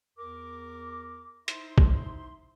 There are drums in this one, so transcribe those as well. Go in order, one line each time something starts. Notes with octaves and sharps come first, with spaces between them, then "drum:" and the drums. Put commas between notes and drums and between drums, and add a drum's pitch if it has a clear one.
E2 A#4 D6
D#4 E4 C5 E5 C6, drum: hi-hat
drum: kick